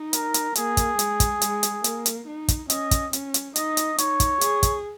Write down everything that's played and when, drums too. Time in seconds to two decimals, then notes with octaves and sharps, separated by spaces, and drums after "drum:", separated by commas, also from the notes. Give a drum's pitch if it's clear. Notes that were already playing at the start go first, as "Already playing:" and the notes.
Already playing: D#4
0.13 A#4, drum: hi-hat
0.34 drum: hi-hat
0.55 A#3 G#4, drum: hi-hat
0.77 drum: kick, hi-hat
0.99 G#3, drum: hi-hat
1.20 drum: kick, hi-hat
1.42 G#3, drum: hi-hat
1.63 drum: hi-hat
1.84 A#3, drum: hi-hat
2.06 drum: hi-hat
2.27 D#4
2.48 drum: kick, hi-hat
2.70 C#4 D#5, drum: hi-hat
2.91 drum: kick, hi-hat
3.13 C#4, drum: hi-hat
3.34 drum: hi-hat
3.56 D#4 D#5, drum: hi-hat
3.77 drum: hi-hat
3.98 D#4 C#5, drum: hi-hat
4.20 drum: kick, hi-hat
4.41 G#4, drum: hi-hat
4.63 drum: kick, hi-hat